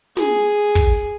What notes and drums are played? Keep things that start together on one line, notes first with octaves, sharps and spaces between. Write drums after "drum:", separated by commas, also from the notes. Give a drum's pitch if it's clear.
G#4, drum: snare
drum: kick